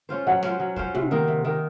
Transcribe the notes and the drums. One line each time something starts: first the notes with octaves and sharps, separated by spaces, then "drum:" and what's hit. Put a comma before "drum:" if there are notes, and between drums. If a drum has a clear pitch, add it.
C#4 F4 C5
F#3 F#5
C#4 F4 C5, drum: snare
F#3
C#4 F4 C5, drum: kick
C3, drum: tom
D#3 A#3
C3
D#3 A#3